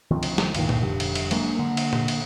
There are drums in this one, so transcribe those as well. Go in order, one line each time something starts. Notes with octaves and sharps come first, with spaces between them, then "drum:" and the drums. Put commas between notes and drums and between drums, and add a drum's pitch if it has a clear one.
D2 D#3 F3 C4
drum: cymbal
drum: snare
C#2 G2 A#2 D#3, drum: cymbal
drum: tom A#2
F1 D3 G3
drum: cymbal
drum: cymbal
F#3 G#3 A#3 D4, drum: cymbal
D3 A#3
drum: cymbal
drum: tom A#2
drum: cymbal